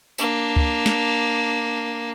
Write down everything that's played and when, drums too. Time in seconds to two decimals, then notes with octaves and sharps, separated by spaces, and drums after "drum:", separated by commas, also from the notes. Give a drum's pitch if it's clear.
0.18 A#3 D4, drum: tambourine
0.56 drum: kick
0.86 drum: snare